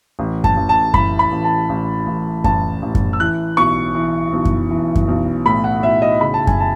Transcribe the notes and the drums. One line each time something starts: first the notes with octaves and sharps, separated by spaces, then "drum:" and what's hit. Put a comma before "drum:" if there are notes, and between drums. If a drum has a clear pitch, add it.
A1
A5, drum: kick F#2
A1
A5
E3 B5, drum: kick F#2
B5
A1
A5
A1
A1
A1 A5, drum: kick F#2
A1
drum: kick F#2
E6
E3 F#6
B1 C#6
E3
B1
drum: kick F#2
E3
drum: kick F#2
B1
A2 B5
F#5
B1 E5
D#5
C#3 B5
A5
G#5, drum: kick F#2
A5